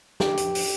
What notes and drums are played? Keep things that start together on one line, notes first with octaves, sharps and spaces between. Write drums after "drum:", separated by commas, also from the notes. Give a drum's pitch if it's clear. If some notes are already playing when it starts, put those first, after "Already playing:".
G4, drum: snare
drum: hi-hat
drum: open hi-hat